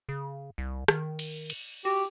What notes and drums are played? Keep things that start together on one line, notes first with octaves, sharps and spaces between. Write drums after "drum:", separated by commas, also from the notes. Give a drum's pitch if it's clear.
C#3
C2
D#3, drum: rim click
drum: cymbal
drum: cymbal
F#4 G4